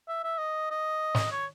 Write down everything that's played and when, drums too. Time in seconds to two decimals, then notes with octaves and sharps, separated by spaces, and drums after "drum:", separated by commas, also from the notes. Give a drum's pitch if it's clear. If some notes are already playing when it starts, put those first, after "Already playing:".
0.08 E5
0.24 E5
0.38 D#5
0.71 D#5
1.15 drum: snare
1.31 C#5